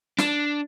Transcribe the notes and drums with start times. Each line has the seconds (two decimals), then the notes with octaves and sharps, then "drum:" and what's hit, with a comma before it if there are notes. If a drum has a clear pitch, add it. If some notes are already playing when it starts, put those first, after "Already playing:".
0.19 D4, drum: snare